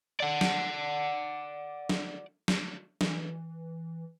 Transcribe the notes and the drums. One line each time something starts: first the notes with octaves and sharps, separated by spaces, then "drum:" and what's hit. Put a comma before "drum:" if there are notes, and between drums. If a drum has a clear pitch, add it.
D5 F#5
drum: snare
drum: snare
drum: snare
E3, drum: snare